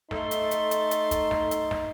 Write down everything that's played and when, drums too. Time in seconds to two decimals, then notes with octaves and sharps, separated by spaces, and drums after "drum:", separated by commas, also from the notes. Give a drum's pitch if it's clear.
0.11 A3 D#4 A4 C6, drum: snare
0.31 drum: hi-hat
0.51 drum: hi-hat
0.71 drum: hi-hat
0.91 drum: hi-hat
1.11 drum: kick, hi-hat
1.31 drum: snare
1.51 drum: hi-hat
1.71 drum: snare